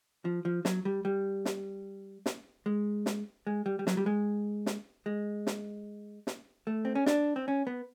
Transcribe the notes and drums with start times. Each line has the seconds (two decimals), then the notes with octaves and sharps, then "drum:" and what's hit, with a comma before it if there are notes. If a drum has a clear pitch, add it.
0.25 F3
0.45 F3
0.65 F#3, drum: snare
0.85 G3
1.05 G3
1.45 drum: snare
2.26 drum: snare
2.66 G#3
3.06 drum: snare
3.47 G#3
3.66 G3
3.79 G3
3.87 F#3, drum: snare
3.97 G3
4.06 G#3
4.66 drum: snare
5.06 G#3
5.47 drum: snare
6.27 drum: snare
6.67 A3
6.85 C4
6.95 C#4
7.06 D4, drum: snare
7.36 C4
7.48 C#4
7.67 B3